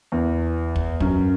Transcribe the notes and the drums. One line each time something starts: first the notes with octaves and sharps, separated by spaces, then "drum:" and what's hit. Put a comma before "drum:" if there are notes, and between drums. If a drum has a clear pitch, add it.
E2
drum: kick
F#2, drum: kick